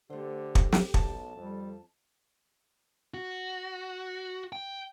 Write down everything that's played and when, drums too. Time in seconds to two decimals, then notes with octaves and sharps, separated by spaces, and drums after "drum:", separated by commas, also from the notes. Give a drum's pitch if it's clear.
0.10 D3 A3 G4 C5
0.55 drum: kick
0.72 drum: snare
0.94 B1 A5, drum: kick
1.37 F2 G3
3.14 F#4
4.52 G5